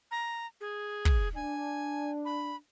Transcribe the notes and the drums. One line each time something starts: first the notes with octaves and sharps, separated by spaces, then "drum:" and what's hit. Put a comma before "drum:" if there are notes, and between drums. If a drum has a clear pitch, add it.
A#5
G#4
drum: kick
D4 G#5
B5